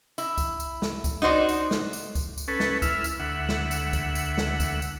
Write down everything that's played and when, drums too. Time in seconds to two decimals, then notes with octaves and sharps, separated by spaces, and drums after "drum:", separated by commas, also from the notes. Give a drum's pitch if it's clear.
0.18 E4, drum: tambourine
0.38 drum: kick C#2, tambourine
0.60 drum: tambourine
0.82 drum: snare
1.04 drum: kick C#2, tambourine
1.22 D#4 F#4 C5 D5
1.49 drum: tambourine
1.71 drum: snare
1.93 drum: tambourine
2.15 drum: kick C#2, tambourine
2.38 drum: tambourine
2.48 C#4 A4 B4
2.60 drum: snare
2.82 E4 E5 F6, drum: kick C#2, tambourine
3.04 drum: tambourine
3.19 D2 E5 F#5
3.49 drum: snare
3.71 drum: tambourine
3.93 drum: kick C#2, tambourine
4.15 drum: tambourine
4.38 drum: snare
4.60 drum: kick C#2, tambourine
4.82 drum: tambourine